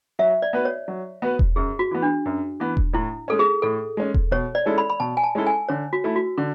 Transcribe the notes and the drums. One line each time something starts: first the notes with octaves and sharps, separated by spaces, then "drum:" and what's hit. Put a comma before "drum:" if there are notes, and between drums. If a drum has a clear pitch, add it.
F#3 E5
D5
B3 F#4 B4
C#5
F#3
B3 F#4 B4
drum: kick E1
F#2 G#4
F#4
E3 B3
D4
F#2
E3 B3
drum: kick E1
A2 E4
G#3 C#4 A4
G#4
A2 A4
G#3 C#4
drum: kick E1
B2 C#5
D5
G#3 C#4 E4 A4
B5
B5
B2 A5
G#5
A5
G#3 C#4 E4 A4
G#5
D3 C#5
F#4
A3 E4
F#4
D3